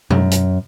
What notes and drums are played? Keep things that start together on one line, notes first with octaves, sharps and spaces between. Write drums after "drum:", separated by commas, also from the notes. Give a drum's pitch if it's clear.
F#2, drum: tom B2
drum: hi-hat